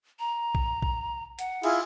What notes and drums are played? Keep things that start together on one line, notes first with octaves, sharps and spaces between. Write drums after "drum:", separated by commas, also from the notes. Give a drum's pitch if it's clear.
A#5
drum: kick A#1
drum: kick A#1
F#5, drum: hi-hat
E4 F4 G#4, drum: cymbal